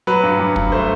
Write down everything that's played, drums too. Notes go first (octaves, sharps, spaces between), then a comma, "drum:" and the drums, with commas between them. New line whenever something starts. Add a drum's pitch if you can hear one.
F#3 B4
G2
G2
G2, drum: kick
A3 C5